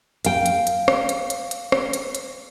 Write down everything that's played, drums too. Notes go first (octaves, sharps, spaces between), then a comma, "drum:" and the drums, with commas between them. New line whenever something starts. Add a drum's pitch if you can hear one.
F5 G5, drum: hi-hat
drum: hi-hat
drum: hi-hat
drum: rim click
drum: hi-hat
drum: hi-hat
drum: hi-hat
drum: rim click
drum: hi-hat
drum: hi-hat